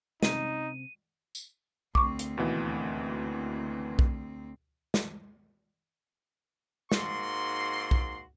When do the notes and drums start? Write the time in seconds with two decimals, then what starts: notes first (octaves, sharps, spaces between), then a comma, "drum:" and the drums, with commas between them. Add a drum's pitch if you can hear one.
0.23 C3 C4 C#4 D#4 D#7, drum: snare
1.35 drum: tambourine
1.95 D2 C4 C#6 D6, drum: kick B1
2.19 drum: hi-hat
2.37 D#2 B2 E3
3.99 drum: kick B1
4.94 drum: snare
6.92 G#2 A#3 F#4 C6, drum: snare
7.91 drum: kick B1